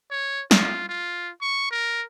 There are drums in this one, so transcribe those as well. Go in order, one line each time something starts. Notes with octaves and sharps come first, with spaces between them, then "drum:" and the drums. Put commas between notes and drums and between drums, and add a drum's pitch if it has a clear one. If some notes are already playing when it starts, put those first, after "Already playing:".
C#5
F4, drum: snare
F4
C#6
A#4